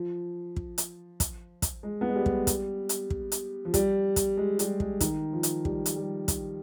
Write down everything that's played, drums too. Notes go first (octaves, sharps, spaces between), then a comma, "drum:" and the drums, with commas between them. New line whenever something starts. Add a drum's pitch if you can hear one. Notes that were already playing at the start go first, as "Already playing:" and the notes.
Already playing: F3
drum: kick
drum: hi-hat
drum: kick, hi-hat
drum: kick, hi-hat
G#3
B3
G#3
G3
drum: kick
drum: kick, hi-hat
drum: hi-hat
drum: kick
drum: hi-hat
F3
G3, drum: kick, hi-hat
drum: kick, hi-hat
G#3
G3, drum: hi-hat
G#3, drum: kick
D#3, drum: kick, hi-hat
F3
drum: hi-hat
G3, drum: kick
drum: hi-hat
G3
drum: kick, hi-hat